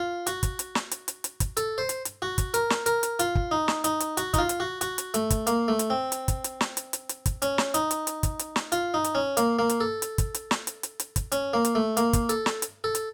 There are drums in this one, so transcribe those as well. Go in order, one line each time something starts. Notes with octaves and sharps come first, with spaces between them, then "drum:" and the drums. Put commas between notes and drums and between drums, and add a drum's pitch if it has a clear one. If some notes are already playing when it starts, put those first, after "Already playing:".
Already playing: F4
F#4, drum: hi-hat
drum: kick, hi-hat
drum: hi-hat
drum: snare
drum: hi-hat
drum: hi-hat
drum: hi-hat
drum: kick, hi-hat
A4, drum: hi-hat
C5
drum: hi-hat
drum: hi-hat
F#4
drum: kick, hi-hat
A#4, drum: hi-hat
drum: snare
A#4, drum: hi-hat
drum: hi-hat
F4, drum: hi-hat
drum: kick
D#4
drum: snare
D#4, drum: hi-hat
drum: hi-hat
F#4, drum: hi-hat
D#4, drum: kick, hi-hat
F4
drum: hi-hat
F#4
F#4, drum: hi-hat
drum: hi-hat
A3, drum: hi-hat
drum: kick, hi-hat
A#3, drum: hi-hat
A3
drum: hi-hat
C4
drum: hi-hat
drum: kick, hi-hat
drum: hi-hat
drum: snare
drum: hi-hat
drum: hi-hat
drum: hi-hat
drum: kick, hi-hat
C#4, drum: hi-hat
drum: snare
D#4, drum: hi-hat
drum: hi-hat
drum: hi-hat
drum: kick, hi-hat
drum: hi-hat
drum: snare
F4, drum: hi-hat
D#4
drum: hi-hat
C#4
A#3, drum: hi-hat
A#3
drum: hi-hat
A4
drum: hi-hat
drum: kick, hi-hat
drum: hi-hat
drum: snare
drum: hi-hat
drum: hi-hat
drum: hi-hat
drum: kick, hi-hat
C#4, drum: hi-hat
A#3
drum: hi-hat
A3
A#3, drum: hi-hat
drum: kick, hi-hat
A4, drum: hi-hat
drum: snare
drum: hi-hat
A4
drum: hi-hat